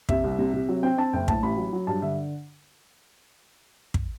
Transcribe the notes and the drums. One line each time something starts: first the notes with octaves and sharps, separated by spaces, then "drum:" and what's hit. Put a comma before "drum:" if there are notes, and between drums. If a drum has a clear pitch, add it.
C3 E5, drum: kick
C2
C3
C3
F#3
C4 G5
C4 A5
F#1 G5
A2 A5, drum: kick
A1 B5
F#3
F#3
G2 A5
D3 E5
drum: kick